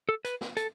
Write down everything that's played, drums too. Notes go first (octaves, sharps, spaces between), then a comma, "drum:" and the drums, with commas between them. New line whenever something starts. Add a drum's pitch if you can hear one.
A4
B4, drum: hi-hat
drum: snare
A4, drum: hi-hat